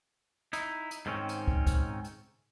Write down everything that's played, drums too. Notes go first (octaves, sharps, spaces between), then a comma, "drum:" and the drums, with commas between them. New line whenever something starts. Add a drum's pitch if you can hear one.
D#4 E4, drum: hi-hat
drum: hi-hat
G#2 D#3 C4 C#4
drum: hi-hat
drum: kick
drum: kick, hi-hat
drum: hi-hat